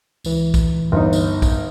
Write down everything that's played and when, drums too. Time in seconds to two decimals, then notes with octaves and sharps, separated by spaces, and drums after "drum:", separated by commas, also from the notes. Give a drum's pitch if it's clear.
0.25 C#2 E3, drum: tambourine
0.54 drum: kick B1, tambourine
0.92 G1 D#4
1.13 drum: tambourine
1.42 drum: kick B1, tambourine